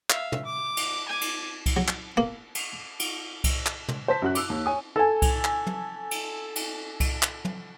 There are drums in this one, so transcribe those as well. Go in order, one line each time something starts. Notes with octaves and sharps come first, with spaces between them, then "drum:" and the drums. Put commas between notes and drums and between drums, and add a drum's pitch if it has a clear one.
E5 F5, drum: clap
drum: tom
D6
drum: cymbal
G#5 D6
drum: cymbal
drum: kick C2, cymbal
F#3
drum: clap
A#3
drum: cymbal
drum: cymbal
drum: kick C2, cymbal
drum: clap
drum: tom
C5 A5 B6
F#2 F#4 F#6
D6 E6, drum: cymbal
D#2
C#5 G#5 D#6
A4 G#5
drum: kick C2, cymbal
drum: clap
drum: tom
drum: cymbal
drum: cymbal
drum: kick C2, cymbal
drum: clap
drum: tom